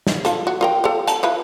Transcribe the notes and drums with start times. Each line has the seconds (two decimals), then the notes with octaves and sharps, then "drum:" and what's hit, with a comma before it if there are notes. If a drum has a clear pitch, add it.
0.07 drum: snare
0.25 F4 A4, drum: hi-hat
0.47 F#4
0.61 F4 A#4 G5
0.84 F3 A4
1.07 A5 A#5, drum: hi-hat
1.23 E4 F4 B4